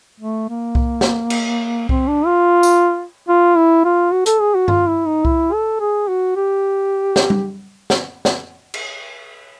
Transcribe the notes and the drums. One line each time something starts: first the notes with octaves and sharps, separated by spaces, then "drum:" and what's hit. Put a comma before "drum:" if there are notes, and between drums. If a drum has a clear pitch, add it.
A3
A#3
drum: kick C2
drum: snare
drum: cymbal
C4, drum: kick C2
D4
F4
drum: tambourine
F4
E4
F4
F#4
A4, drum: hi-hat
G#4
F#4
F4, drum: tom G2
E4
D#4
E4, drum: kick C2
A4
G#4
F#4
G4
drum: snare
drum: tom G3
drum: snare
drum: snare
drum: cymbal